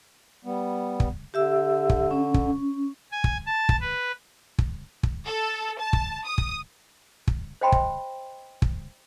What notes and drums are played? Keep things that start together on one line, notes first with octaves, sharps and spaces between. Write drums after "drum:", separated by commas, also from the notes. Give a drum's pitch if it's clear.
G3 B3
drum: kick
D3 G4 E5 E6
drum: kick
C#4
drum: kick
G#5
drum: kick
A5
drum: kick
B4
drum: kick
drum: kick
A4
A5
drum: kick
D#6
drum: kick
drum: kick
C5 D#5 G5 B5 C6
drum: kick
drum: kick